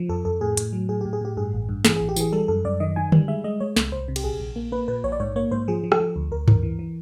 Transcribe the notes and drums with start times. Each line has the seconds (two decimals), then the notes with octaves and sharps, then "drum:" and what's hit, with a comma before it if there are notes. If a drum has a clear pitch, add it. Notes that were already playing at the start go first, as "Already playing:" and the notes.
Already playing: F3
0.09 F2 A4
0.25 F2 A4
0.41 A2 G#4
0.57 A2, drum: hi-hat
0.73 F#3
0.89 A2 G#4
1.01 G4
1.05 A2
1.13 G#4
1.21 A2 G4
1.37 G2 G#4
1.53 A1
1.69 G2
1.85 E3 G#4, drum: snare
1.96 G#4
2.01 A1
2.09 G4
2.16 E3 G#4, drum: tambourine
2.33 G3 A4
2.48 F#2 A4
2.65 F#2 D5
2.80 D#3 D#5
2.96 D#3 G#5
3.12 G3, drum: tom D3
3.28 G#3 E5
3.44 G#3 D#5
3.60 G#3 C#5
3.77 C2, drum: snare
3.92 C2 C5
4.08 C3
4.16 G4, drum: cymbal
4.24 A#1 G#4
4.40 A#1
4.56 A#3
4.72 A#3 B4
4.88 A#2 B4
5.04 A#1 C#5
5.12 D5
5.20 G#2 C#5
5.36 A#3 C#5
5.51 G#2 C5
5.68 F3 G#4
5.84 F3
5.92 A4, drum: rim click
6.00 F3
6.16 D2
6.31 D2 A#4
6.48 E3 A#4, drum: tom G2
6.63 E3
6.79 E3